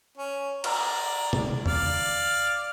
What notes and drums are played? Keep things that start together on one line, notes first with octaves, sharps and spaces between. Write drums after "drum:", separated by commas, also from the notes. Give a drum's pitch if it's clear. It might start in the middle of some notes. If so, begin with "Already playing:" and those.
C#4
D5 A#5, drum: cymbal
drum: tom
D5 F5, drum: tom E2